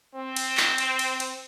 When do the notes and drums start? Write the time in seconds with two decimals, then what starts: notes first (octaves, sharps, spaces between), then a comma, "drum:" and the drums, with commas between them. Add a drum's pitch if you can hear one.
0.16 C4
0.36 drum: cymbal
0.57 drum: clap
0.78 drum: cymbal
0.99 drum: cymbal
1.20 drum: cymbal